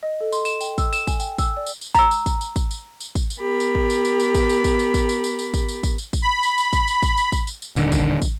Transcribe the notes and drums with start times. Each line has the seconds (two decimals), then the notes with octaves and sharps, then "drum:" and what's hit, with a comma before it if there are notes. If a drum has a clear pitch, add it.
0.03 D#5
0.21 A4
0.32 C6, drum: tambourine
0.45 E7, drum: tambourine
0.61 G5, drum: tambourine
0.78 E6, drum: kick, tambourine
0.93 E7, drum: tambourine
1.07 G#5, drum: kick, tambourine
1.20 G5, drum: tambourine
1.38 E6, drum: kick, tambourine
1.57 D5
1.66 drum: tambourine
1.81 drum: tambourine
1.95 A#5 E6, drum: kick, tambourine
2.11 drum: tambourine
2.26 drum: kick, tambourine
2.41 drum: tambourine
2.56 drum: kick, tambourine
2.71 drum: tambourine
3.00 drum: tambourine
3.15 drum: kick, tambourine
3.30 drum: tambourine
3.39 B3 G4 A#4 B5
3.60 drum: tambourine
3.75 drum: kick
3.90 drum: tambourine
4.05 drum: tambourine
4.20 drum: tambourine
4.34 drum: kick, tambourine
4.49 drum: tambourine
4.64 drum: kick, tambourine
4.79 drum: tambourine
4.94 drum: kick, tambourine
5.09 drum: tambourine
5.24 drum: tambourine
5.39 drum: tambourine
5.54 drum: kick, tambourine
5.69 drum: tambourine
5.83 drum: kick, tambourine
5.98 drum: tambourine
6.13 drum: kick, tambourine
6.22 B5
6.43 drum: tambourine
6.58 drum: tambourine
6.73 drum: kick, tambourine
6.88 drum: tambourine
7.03 drum: kick, tambourine
7.17 drum: tambourine
7.32 drum: kick, tambourine
7.47 drum: tambourine
7.62 drum: tambourine
7.76 D#1 D3 D#3, drum: tambourine
7.92 drum: kick, tambourine
8.22 drum: kick, tambourine